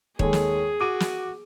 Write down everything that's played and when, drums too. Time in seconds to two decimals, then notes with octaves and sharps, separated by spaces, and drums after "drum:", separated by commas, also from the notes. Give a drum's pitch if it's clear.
0.19 D#2 G#3 G#4 A4 C#5, drum: kick D#1
0.33 drum: snare
0.80 F#4 D6 D#7
1.00 drum: snare